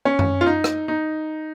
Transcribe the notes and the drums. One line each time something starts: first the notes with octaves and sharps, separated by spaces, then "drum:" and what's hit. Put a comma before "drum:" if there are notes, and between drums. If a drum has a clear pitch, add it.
C#4
drum: tom F#2
F4
D#4
drum: rim click
D#4